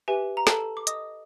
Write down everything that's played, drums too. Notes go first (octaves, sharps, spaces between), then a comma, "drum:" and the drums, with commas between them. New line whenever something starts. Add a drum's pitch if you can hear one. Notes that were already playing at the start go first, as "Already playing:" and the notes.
G4 B4 E5 G#5
A#5
A4 A5, drum: snare
D6
D#5 D#6, drum: hi-hat